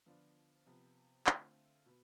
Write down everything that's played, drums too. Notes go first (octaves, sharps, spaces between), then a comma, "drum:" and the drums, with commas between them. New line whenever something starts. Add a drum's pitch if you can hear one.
D3 F3 B3 D4 F4
C3 F3 B3
D3 A3 C4 F4, drum: clap
B2 B3